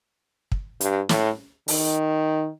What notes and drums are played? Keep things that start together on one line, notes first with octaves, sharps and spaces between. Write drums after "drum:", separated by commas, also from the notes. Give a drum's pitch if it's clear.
drum: kick
G2, drum: hi-hat
A2, drum: snare
D#3, drum: open hi-hat